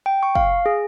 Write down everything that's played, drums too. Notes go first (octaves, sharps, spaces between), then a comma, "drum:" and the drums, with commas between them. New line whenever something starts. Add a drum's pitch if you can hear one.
G5
C#6
F5, drum: kick
G#4